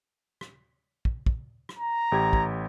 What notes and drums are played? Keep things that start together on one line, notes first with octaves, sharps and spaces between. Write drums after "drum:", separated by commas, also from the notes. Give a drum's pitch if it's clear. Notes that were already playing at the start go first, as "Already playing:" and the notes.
drum: rim click
drum: kick
drum: kick
drum: rim click
A#5
A1 G4 G#6
drum: kick